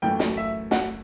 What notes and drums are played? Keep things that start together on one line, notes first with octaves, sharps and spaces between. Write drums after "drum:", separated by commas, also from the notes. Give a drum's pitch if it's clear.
F#2 E3 A3 G5
drum: snare
E5
F#5, drum: snare